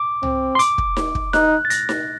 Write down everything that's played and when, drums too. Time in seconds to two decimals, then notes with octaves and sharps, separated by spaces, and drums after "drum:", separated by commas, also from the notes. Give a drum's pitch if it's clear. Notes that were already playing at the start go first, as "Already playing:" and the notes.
Already playing: D6
0.23 C4, drum: tom C2
0.55 C6
0.59 D6, drum: hi-hat
0.78 drum: kick
0.97 drum: snare D#4
1.15 drum: kick
1.33 D#4 F#6, drum: snare D#4
1.65 A6
1.70 A#6, drum: hi-hat
1.89 drum: snare D#4